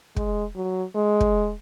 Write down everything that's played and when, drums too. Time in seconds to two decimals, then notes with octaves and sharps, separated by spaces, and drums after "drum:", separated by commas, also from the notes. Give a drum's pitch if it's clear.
0.16 G#3, drum: kick
0.56 F#3
0.95 G#3
1.20 drum: kick